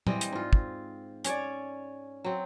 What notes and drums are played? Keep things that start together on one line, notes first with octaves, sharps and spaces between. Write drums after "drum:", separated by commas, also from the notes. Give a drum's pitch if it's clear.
E3 G3 C4 D#5, drum: tom A#2
drum: hi-hat
G#2 F4
drum: kick
C#4 C#5 D5, drum: hi-hat
F#3 C4